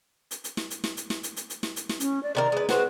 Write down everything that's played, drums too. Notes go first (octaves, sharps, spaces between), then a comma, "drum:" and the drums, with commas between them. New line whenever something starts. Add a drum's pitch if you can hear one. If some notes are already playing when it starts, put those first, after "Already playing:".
drum: hi-hat
drum: hi-hat
drum: snare
drum: hi-hat
drum: snare
drum: hi-hat
drum: snare
drum: hi-hat
drum: hi-hat
drum: hi-hat
drum: snare
drum: hi-hat
drum: snare
C#4, drum: hi-hat
D5
C3 D#3 A#4 D5
G#3 B4
G#3 C4 F#4 B4, drum: snare